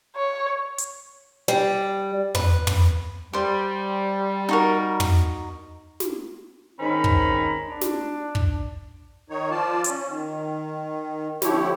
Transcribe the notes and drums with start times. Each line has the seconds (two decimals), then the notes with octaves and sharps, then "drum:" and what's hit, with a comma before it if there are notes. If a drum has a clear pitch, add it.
0.16 C#5
0.78 drum: hi-hat
1.48 G3
2.35 B4, drum: tom
2.67 drum: tom
3.33 G3 G4 C5
4.49 D#4 F#4 A#4
5.00 drum: tom
6.00 drum: snare
6.79 G#2 D#3 C4 C#4 A#5 B5
7.04 drum: kick
7.68 D4
7.81 drum: snare
8.35 drum: kick
9.30 D#3 D#4 C#5
9.51 F3 F4 D5 A5
9.84 C#4, drum: hi-hat
10.08 D#3
11.42 D3 F3 E4 G4 C#5, drum: snare